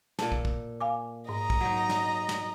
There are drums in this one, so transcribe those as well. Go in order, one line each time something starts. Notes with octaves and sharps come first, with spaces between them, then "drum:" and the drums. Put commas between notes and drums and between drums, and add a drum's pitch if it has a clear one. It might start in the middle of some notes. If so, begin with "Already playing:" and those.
A#2 A4 A5, drum: snare
drum: kick
drum: kick
F5 G#5 D6
G#2 D#5 A#5
drum: kick
F#3 D#4
drum: snare
drum: snare